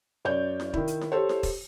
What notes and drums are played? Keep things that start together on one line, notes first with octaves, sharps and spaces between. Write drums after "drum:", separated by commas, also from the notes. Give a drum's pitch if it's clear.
F#2 C#5 D5 G6
drum: snare E4
D#3 E4, drum: kick E1
drum: hi-hat
drum: snare E4
G4 A4 C5 C#5
drum: snare E4
drum: kick E1, open hi-hat